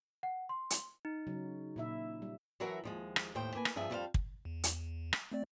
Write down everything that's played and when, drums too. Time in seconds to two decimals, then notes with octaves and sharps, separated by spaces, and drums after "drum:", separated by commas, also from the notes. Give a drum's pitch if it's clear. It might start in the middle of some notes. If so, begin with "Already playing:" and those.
0.23 F#5
0.49 C6
0.70 drum: hi-hat
1.05 D#4
1.27 C#3 F#3
1.76 A#2 E4 E5
2.22 G3
2.60 E3 F#3 F#4 A#4 E5
2.84 D#2 F3 G#3
3.16 drum: rim click
3.35 D#2 A2 C5 G5
3.55 A#3 B4 G#5
3.65 drum: rim click
3.76 G2 F3 G#4 E5
3.90 F2 G3 F4 G4 C5 F5
4.14 drum: kick
4.45 E2
4.64 drum: hi-hat
5.13 drum: rim click
5.32 A3 C4 D5